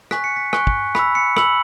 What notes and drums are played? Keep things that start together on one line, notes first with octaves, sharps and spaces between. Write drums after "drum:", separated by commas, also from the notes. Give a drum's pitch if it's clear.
G#5 C#6 F#6 B6, drum: rim click
C#7
B6
G#5 C#6 F#6, drum: rim click
drum: kick
B5 E6 B6, drum: rim click
C#7
B5 E6 F#7, drum: rim click